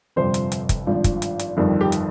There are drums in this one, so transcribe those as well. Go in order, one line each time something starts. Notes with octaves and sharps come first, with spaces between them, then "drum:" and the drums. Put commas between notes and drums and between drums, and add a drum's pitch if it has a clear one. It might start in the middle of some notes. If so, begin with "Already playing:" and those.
G1 F2 C3 G3 C5
drum: hi-hat
drum: hi-hat
drum: kick, hi-hat
G#1 G2 F3
drum: kick, hi-hat
drum: hi-hat
drum: hi-hat
G1 F2 D#3 G3
G4
drum: hi-hat